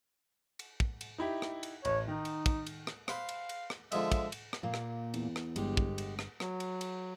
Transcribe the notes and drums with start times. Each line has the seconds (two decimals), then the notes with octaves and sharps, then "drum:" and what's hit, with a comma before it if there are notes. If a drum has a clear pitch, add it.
0.59 drum: cymbal
0.80 drum: kick
1.01 drum: cymbal
1.18 D#4 E4 G4
1.42 drum: rim click
1.63 drum: cymbal
1.85 A1 C#5, drum: cymbal
2.08 D#3 D#4
2.25 drum: cymbal
2.46 drum: kick, cymbal
2.67 drum: cymbal
2.87 drum: rim click
3.08 C5 F5 F#5 B5, drum: rim click
3.29 drum: cymbal
3.49 drum: cymbal
3.70 drum: rim click
3.92 D3 F3 G#3 E5, drum: cymbal
4.12 drum: kick, cymbal
4.32 drum: cymbal
4.53 drum: rim click
4.63 A#2 A#3
4.74 drum: rim click
5.14 E2, drum: cymbal
5.36 drum: rim click
5.56 G1 G#3 G4, drum: cymbal
5.77 drum: kick
5.98 drum: cymbal
6.19 drum: rim click
6.40 F#3, drum: rim click
6.60 drum: cymbal
6.81 drum: cymbal